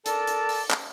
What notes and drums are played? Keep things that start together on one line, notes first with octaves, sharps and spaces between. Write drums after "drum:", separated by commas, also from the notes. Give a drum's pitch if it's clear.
A4 A#4 D5 A5, drum: hi-hat
drum: hi-hat
drum: open hi-hat
drum: clap